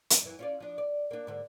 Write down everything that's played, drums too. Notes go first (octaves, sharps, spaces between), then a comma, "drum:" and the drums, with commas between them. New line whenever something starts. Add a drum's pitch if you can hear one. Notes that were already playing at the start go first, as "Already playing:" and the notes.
drum: hi-hat
F#2 E3
C#4 F4 D5
F3 D4
D5
A#3 D4
G#2 D3 A#3